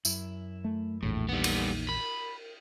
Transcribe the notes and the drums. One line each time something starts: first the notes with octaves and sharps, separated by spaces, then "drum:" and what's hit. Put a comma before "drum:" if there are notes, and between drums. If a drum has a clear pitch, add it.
F#2 E4, drum: tambourine
A3
A#1 E2 A2
G3 A#3 B3 D#4
drum: cymbal
A#4 B5